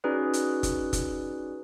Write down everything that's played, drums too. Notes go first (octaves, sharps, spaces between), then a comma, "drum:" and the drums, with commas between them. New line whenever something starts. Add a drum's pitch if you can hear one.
C#4 D#4 F#4 G#4 B4 D5
drum: hi-hat
drum: kick F#1, hi-hat
drum: kick F#1, hi-hat